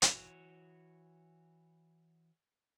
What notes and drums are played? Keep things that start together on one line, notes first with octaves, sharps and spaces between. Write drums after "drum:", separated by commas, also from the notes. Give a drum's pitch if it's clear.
E3 F#4 C#5, drum: hi-hat